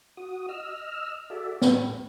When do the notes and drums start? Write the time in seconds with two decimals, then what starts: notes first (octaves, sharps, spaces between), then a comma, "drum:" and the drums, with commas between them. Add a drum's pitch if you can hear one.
0.17 F#4 D#6
0.49 D#5 E6 F6
1.30 F#4 G#4 A4 D5 E5
1.62 A2, drum: snare